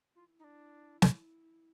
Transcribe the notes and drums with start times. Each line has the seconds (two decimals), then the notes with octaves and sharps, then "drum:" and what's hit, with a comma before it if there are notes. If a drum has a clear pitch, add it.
0.15 E4 F4
0.39 D#4
0.44 D4
1.02 drum: snare